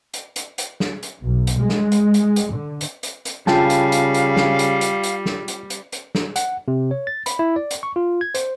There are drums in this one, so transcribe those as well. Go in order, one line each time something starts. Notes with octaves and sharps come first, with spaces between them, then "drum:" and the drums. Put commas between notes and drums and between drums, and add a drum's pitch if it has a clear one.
drum: hi-hat
drum: hi-hat
drum: hi-hat
drum: snare
drum: hi-hat
B1
drum: hi-hat
G#3
drum: snare
drum: hi-hat
drum: hi-hat
drum: hi-hat
D3
drum: hi-hat
drum: hi-hat
drum: hi-hat
C#3 G3 F4 F5 G5 A5, drum: snare
drum: hi-hat
drum: hi-hat
drum: hi-hat
drum: snare
drum: hi-hat
drum: hi-hat
drum: hi-hat
drum: snare
drum: hi-hat
drum: hi-hat
drum: hi-hat
drum: snare
F#5, drum: hi-hat
C3
C#5
A6
B5, drum: hi-hat
E4
D5
drum: hi-hat
C#6
F4
G#6
C5, drum: hi-hat